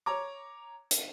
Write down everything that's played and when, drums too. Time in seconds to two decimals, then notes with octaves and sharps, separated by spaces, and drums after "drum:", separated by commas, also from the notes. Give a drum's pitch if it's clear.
0.06 C#5 A#5 D6
0.91 drum: hi-hat